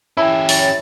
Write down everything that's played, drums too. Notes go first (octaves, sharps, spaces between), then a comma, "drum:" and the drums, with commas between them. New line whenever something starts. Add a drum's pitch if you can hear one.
C#4 E4 G4 A4
F#3 B5 A6, drum: open hi-hat